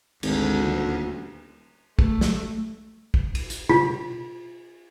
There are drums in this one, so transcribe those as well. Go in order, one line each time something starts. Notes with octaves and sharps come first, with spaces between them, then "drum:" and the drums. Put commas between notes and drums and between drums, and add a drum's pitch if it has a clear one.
G#1 D2, drum: cymbal
D#1
A3, drum: kick
drum: snare
drum: kick
drum: cymbal
drum: hi-hat
F4, drum: tom B2